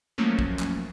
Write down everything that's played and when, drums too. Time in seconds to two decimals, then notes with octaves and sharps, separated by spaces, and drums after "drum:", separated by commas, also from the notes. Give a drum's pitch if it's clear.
0.18 F3 F#3 A3 A#3 C#4
0.39 drum: kick
0.59 drum: clap